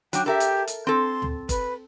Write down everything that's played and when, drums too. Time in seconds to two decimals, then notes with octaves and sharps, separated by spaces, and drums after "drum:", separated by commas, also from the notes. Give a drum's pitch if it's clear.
0.13 F#3 D4 G5, drum: hi-hat
0.26 G4 A4 A#4 E5
0.40 drum: hi-hat
0.67 drum: hi-hat
0.87 C4 A4 C6
1.22 drum: tom
1.49 B4, drum: kick G1, hi-hat